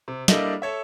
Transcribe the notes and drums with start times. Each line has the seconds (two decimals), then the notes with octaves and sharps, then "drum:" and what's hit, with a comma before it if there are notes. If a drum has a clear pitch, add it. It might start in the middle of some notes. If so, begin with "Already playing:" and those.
0.08 C3
0.28 G3 A#3 D4 E4 A4 D#5, drum: snare
0.62 A4 C#5 E5